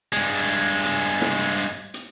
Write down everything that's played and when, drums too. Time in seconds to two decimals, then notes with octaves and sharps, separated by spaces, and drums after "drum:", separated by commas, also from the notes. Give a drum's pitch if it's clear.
0.13 G2 G#3, drum: hi-hat
0.85 drum: hi-hat
1.21 drum: snare
1.58 drum: hi-hat
1.94 drum: hi-hat